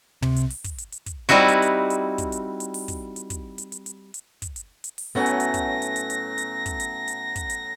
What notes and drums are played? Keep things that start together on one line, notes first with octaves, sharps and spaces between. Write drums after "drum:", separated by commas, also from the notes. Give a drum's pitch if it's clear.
C3, drum: tom
drum: hi-hat
drum: open hi-hat
drum: kick, hi-hat
drum: hi-hat
drum: hi-hat
drum: kick, hi-hat
G3 C4 D#4 E4 F#4
drum: hi-hat
drum: hi-hat
drum: hi-hat
drum: kick, hi-hat
drum: hi-hat
drum: hi-hat
drum: open hi-hat
drum: kick, hi-hat
drum: hi-hat
drum: kick, hi-hat
drum: hi-hat
drum: hi-hat
drum: hi-hat
drum: hi-hat
drum: kick, hi-hat
drum: hi-hat
drum: hi-hat
drum: open hi-hat
A2 F#3 A3 B3 C#4 G#5 A#6
drum: hi-hat
drum: hi-hat
drum: kick, hi-hat
drum: hi-hat
drum: hi-hat
drum: hi-hat
drum: hi-hat
drum: kick, hi-hat
drum: hi-hat
drum: hi-hat
drum: kick, hi-hat
drum: hi-hat